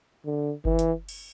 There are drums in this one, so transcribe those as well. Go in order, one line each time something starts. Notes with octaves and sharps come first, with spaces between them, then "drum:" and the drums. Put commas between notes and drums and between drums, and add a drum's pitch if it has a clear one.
D3
E3, drum: kick F#1
drum: hi-hat
drum: cymbal